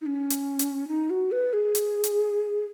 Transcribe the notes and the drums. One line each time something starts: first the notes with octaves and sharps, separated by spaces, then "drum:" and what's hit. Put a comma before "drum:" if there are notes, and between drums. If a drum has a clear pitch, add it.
D#4
C#4
drum: hi-hat
drum: hi-hat
D#4
F#4
B4
G#4
drum: hi-hat
drum: hi-hat